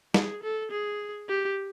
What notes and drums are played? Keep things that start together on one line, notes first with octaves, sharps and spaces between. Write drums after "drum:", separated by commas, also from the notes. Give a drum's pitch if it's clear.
G#4, drum: snare
A4
G#4
G4